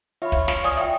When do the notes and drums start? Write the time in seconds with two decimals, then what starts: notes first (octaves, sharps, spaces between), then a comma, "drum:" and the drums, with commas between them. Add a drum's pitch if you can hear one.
0.22 F4 C#5 E5 B5
0.32 drum: kick, hi-hat
0.48 drum: snare
0.64 D5 G#5 D#6, drum: hi-hat
0.77 E5 G5, drum: hi-hat